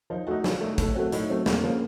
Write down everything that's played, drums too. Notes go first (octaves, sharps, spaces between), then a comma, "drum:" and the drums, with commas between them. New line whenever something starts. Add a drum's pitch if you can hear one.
F3 D#4
A3 D#4 F#4
F3, drum: snare
A3 D#4
A2 A4, drum: kick, hi-hat
A3 C4 F#4
A2 D#4, drum: hi-hat
F#3 A3 C4
F2 A#3, drum: snare
C#3 F3 A#3